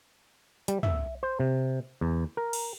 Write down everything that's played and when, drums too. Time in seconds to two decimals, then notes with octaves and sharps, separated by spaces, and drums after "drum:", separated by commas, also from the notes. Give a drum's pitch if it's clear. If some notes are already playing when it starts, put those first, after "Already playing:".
0.68 G3, drum: hi-hat
0.83 E5, drum: tom
1.23 C5
1.40 C3
2.01 E2
2.37 A#4
2.53 drum: cymbal